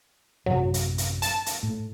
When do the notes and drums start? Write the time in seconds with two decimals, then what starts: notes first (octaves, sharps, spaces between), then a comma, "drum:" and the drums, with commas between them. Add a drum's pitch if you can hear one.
0.46 A1 F#2 C3 F#3
0.74 drum: hi-hat
0.98 drum: hi-hat
1.22 A5, drum: hi-hat
1.46 drum: hi-hat
1.63 A2